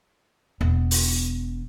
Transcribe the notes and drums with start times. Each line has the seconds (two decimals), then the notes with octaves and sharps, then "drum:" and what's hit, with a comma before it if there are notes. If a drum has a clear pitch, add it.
0.61 E1 B3
0.91 drum: open hi-hat